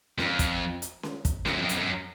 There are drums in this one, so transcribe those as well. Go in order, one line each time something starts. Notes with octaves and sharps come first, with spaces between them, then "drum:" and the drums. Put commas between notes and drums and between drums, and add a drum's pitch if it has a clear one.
F2, drum: snare C#4
drum: kick, hi-hat
drum: hi-hat
drum: snare C#4
drum: kick, hi-hat
F2, drum: snare C#4
F#2
F2
F#2, drum: hi-hat
F2
F#2